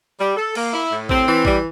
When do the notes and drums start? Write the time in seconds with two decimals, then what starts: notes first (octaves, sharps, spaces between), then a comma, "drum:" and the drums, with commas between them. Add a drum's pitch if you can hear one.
0.19 G3
0.37 A4
0.55 A#3, drum: cymbal
0.73 E4
0.91 A2
1.09 C4, drum: kick A1
1.27 E3
1.45 G3, drum: kick A1